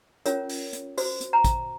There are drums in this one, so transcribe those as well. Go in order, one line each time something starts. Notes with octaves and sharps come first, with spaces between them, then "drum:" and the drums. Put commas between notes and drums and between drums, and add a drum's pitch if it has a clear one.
C#4 F4 A#4 C#5, drum: hi-hat
drum: open hi-hat
drum: hi-hat
F#4 C5, drum: open hi-hat
drum: hi-hat
A#5
drum: kick, hi-hat